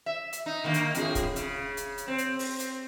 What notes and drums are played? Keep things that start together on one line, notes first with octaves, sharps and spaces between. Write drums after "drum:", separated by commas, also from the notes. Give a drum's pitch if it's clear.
E5
drum: hi-hat
D#4
D3 D#3 A#3
drum: hi-hat
F2 A2 G#4, drum: hi-hat
drum: kick, hi-hat
C#3, drum: hi-hat
drum: hi-hat
drum: hi-hat
C4
drum: hi-hat
drum: open hi-hat
drum: hi-hat